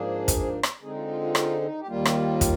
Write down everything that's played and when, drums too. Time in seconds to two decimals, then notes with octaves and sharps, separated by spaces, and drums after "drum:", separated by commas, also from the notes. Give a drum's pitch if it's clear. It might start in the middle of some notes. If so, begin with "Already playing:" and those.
Already playing: G#2 F3 A#3 D4 G#4
0.28 drum: kick, hi-hat
0.63 drum: rim click
0.82 D3 G#3 C4 D#4 G#4
0.94 F4
1.07 F4
1.21 F4
1.35 F4, drum: rim click
1.62 D#4
1.80 G4
1.88 D#2 D#3 G3 A#3 F4
2.05 drum: rim click
2.41 drum: kick, hi-hat